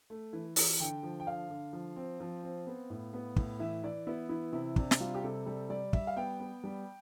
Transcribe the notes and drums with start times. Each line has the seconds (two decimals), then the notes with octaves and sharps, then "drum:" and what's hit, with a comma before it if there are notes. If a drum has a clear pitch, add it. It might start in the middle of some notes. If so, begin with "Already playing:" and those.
0.10 A3
0.33 E3
0.56 E3, drum: open hi-hat
0.80 D3 G5
1.03 F3
1.20 G5
1.26 D3 F5
1.50 D3
1.73 F3
1.96 C4
2.20 F3
2.43 C4
2.67 B3
2.90 A2
3.14 B3
3.36 A2, drum: kick
3.60 E3 E5
3.84 E3 D5
4.07 B3 E4
4.29 E3 E4
4.53 C3 E4
4.76 C3 D4, drum: kick
4.91 drum: snare
5.00 G3 F4
5.14 G4
5.23 C3 A4
5.46 G3 A4
5.69 G3 D5
5.93 G3 E5, drum: kick
6.07 F5
6.17 B3 G5
6.40 B3
6.64 G3